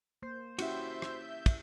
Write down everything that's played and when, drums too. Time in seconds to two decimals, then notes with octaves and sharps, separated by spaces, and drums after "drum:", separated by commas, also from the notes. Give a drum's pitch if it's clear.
0.22 A#3 C5
0.59 C#4 E4 F#4 G4 E5 G6, drum: cymbal
1.02 drum: rim click
1.46 drum: kick, cymbal